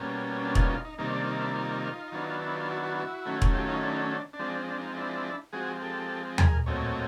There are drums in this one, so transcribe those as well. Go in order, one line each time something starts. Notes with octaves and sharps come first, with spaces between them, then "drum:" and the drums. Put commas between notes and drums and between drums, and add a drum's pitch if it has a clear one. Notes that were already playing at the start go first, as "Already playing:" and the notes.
Already playing: B2 G3 A#3 C#4
D4
D#4 F4, drum: kick E1
D#4 F4
D#4
C3 D#3 G3 A#3 D#4
D4
D#4
D4 E4
D#4 F4
D#3 F#3 B3 D4
E4
F4
E4 F#4
E4 F#4
E4 F#4
D#3 F#3 A3 C#4
drum: kick E1
F4 G4
D#4 F4
D4 E4
D#4
D4
D4
D4
F3 G#3 C4
D4
D#4
D4 E4
F3 G#3 C4 F#4 G#4
G4 A4
G#4 A#4, drum: tom D#2
A#2 F#3 A3 C4 C#5 D#5